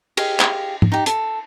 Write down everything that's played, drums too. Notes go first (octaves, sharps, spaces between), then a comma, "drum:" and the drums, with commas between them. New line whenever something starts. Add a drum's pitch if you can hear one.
G4 G#4 D#5 F5, drum: cymbal
drum: clap
drum: tom
D#4 G4
A4, drum: hi-hat